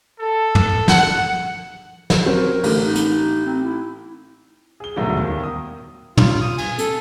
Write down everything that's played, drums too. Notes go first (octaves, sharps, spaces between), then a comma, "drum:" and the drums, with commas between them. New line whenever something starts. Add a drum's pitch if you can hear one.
A4
drum: tom
F#5, drum: snare
drum: snare
F#3 C4 C#4 A#4
A1 D3, drum: open hi-hat
D#4
drum: hi-hat
C4
E4
G#4 G7
G#1 D2 B2 D#3 F#3 G3
D#2 D#3
D#6
F4, drum: tom
D#6
G#5, drum: cymbal
A4, drum: hi-hat